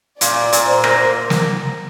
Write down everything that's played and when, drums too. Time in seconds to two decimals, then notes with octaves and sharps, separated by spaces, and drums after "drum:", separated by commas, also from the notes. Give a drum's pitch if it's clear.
0.21 A#2 D5, drum: hi-hat
0.53 A#2, drum: hi-hat
0.68 C5
0.84 A#3, drum: rim click
1.30 drum: snare